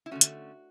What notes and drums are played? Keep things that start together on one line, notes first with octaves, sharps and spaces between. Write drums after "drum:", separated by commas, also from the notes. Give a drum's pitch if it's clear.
E4
D3 A3 C#4 F#4
drum: hi-hat